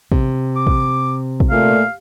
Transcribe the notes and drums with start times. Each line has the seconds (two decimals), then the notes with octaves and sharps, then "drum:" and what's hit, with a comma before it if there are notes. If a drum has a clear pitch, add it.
0.12 C3, drum: kick
0.56 D6
0.67 drum: kick
1.40 drum: kick
1.50 A#2 A3 F5